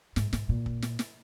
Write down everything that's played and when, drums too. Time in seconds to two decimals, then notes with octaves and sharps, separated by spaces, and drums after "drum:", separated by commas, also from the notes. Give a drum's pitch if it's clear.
0.16 G#2, drum: snare
0.33 G#2, drum: snare
0.49 A#2
0.66 drum: kick
0.82 drum: snare
0.99 drum: snare